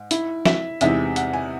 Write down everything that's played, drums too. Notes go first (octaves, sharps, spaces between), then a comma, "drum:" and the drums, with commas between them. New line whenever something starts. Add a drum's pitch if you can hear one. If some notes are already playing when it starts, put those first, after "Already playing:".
Already playing: G#2
E4, drum: hi-hat
E5, drum: snare
E2 C3 E3 G#3 D#4 E5, drum: hi-hat
F#5, drum: hi-hat
G#5